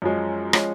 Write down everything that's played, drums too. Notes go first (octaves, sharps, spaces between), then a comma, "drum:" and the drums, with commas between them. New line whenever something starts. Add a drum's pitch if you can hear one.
F#2 F3 G#3 C#4
F3 G#3 C#4, drum: rim click